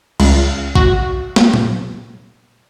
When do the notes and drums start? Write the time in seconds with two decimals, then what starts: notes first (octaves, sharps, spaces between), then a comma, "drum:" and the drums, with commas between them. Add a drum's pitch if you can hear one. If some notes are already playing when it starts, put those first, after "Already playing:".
0.20 C#2, drum: cymbal
0.75 F#4, drum: kick
1.36 drum: snare
1.54 drum: tom A#2